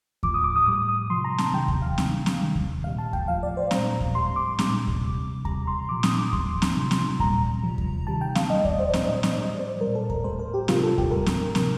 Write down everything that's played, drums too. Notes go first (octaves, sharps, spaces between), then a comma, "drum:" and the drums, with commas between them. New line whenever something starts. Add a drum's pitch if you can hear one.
A2 F3 D6, drum: kick D#2
D#6
D6
D#6
A2 G3 D#6
D#6
C3 F3 C6
A#5
A5, drum: snare C4
C3 D#3 G3 G5
drum: kick D#2
F5
C3 D#3 G3, drum: snare C4
drum: snare C4
C3 D#3 G3
drum: kick D#2
A#2 G3 F5
A5
G5, drum: kick D#2
A2 F3 F5
D5
C5
A#2 G3 A#5, drum: snare C4
drum: kick D#2
A2 G3 C6
D6
A#2 G3, drum: snare C4
drum: kick D#2
C3 G3
C3 G3 A#5, drum: kick D#2
C6
A#2 F3 D6
D#6, drum: snare C4
D6
A2 G3 C6, drum: kick D#2
drum: snare C4
C3 F3
drum: snare C4
A#2 G3 A#5, drum: kick D#2
C3 F3
drum: kick D#2
C3 D#3 G3 A5
G5
F5, drum: snare C4
A2 G3 D#5
D5, drum: kick D#2
C5
D5
A#2 G3 C5, drum: snare C4
D#5
D#5, drum: snare C4
A2 G3 D5
C5
A#2 G3 A#4
A4
A#4, drum: kick D#2
A2 G3 C5
A#4
G4
C3 G3 F4, drum: snare C4
A4
G4, drum: kick D#2
A2 G3 A#4
drum: snare C4
C3 F3, drum: snare C4